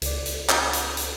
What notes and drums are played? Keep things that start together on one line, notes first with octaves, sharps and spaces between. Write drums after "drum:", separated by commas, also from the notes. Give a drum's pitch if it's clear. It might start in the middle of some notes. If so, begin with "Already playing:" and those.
C#2 D5, drum: hi-hat
drum: hi-hat
drum: clap
drum: hi-hat
drum: hi-hat